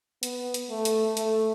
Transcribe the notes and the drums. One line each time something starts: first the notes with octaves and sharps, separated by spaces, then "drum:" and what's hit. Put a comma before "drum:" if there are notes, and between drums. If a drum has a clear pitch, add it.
B3, drum: hi-hat
drum: hi-hat
A3
drum: hi-hat
A3, drum: hi-hat